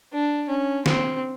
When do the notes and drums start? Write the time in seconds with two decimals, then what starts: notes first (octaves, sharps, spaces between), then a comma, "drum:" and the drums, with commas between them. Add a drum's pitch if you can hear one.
0.13 D4
0.49 C#4
0.86 C4, drum: snare